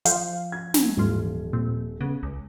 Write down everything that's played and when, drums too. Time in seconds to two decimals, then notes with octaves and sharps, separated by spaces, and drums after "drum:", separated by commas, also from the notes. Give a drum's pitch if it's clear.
0.05 F3 C5 F5, drum: hi-hat
0.52 G#6
0.74 drum: snare
0.97 D#1 G#2 E3 F4
1.53 A#2 C4
2.01 C#3 B3
2.23 C#2